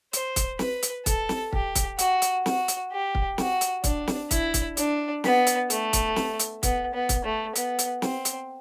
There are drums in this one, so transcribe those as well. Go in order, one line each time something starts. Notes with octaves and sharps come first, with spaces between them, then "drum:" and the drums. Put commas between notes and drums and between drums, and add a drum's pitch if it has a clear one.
C5, drum: hi-hat
drum: kick, hi-hat
B4, drum: snare
drum: hi-hat
A4, drum: kick, hi-hat
drum: snare
G4, drum: kick
drum: kick, hi-hat
F#4, drum: hi-hat
drum: hi-hat
F#4, drum: snare
drum: hi-hat
G4
drum: kick
F#4, drum: snare
drum: hi-hat
D4, drum: kick, hi-hat
drum: snare
E4, drum: kick, hi-hat
drum: kick, hi-hat
D4, drum: hi-hat
B3, drum: snare
drum: hi-hat
A3, drum: hi-hat
drum: kick, hi-hat
drum: snare
drum: hi-hat
B3, drum: kick, hi-hat
B3
drum: kick, hi-hat
A3
B3, drum: hi-hat
drum: hi-hat
C4, drum: snare
drum: hi-hat